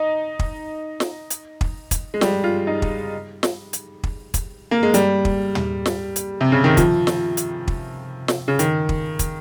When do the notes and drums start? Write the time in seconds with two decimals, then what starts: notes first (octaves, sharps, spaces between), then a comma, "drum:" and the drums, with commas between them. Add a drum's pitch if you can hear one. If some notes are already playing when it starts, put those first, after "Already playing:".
Already playing: D#4
0.39 drum: kick
1.00 drum: snare
1.30 drum: hi-hat
1.61 drum: kick
1.91 drum: kick, hi-hat
2.14 G#3
2.21 G3, drum: snare
2.44 F4
2.67 D#4
2.82 drum: kick
3.43 drum: snare
3.73 drum: hi-hat
4.04 drum: kick
4.34 drum: kick, hi-hat
4.71 A#3
4.83 G#3
4.94 G3, drum: hi-hat
5.25 drum: kick
5.55 drum: tom
5.86 drum: snare
6.16 drum: hi-hat
6.41 C3
6.52 C#3
6.64 D#3
6.77 F3, drum: kick, hi-hat
7.07 drum: snare
7.37 drum: hi-hat
7.68 drum: kick
8.28 drum: snare
8.48 C#3
8.59 D#3, drum: hi-hat
8.89 drum: kick
9.19 drum: kick, hi-hat